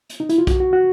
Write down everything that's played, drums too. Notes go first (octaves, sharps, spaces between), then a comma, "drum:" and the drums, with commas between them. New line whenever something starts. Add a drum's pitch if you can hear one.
drum: hi-hat
D#4
E4, drum: hi-hat
F4
F#4, drum: kick B1, hi-hat
F#4
F#4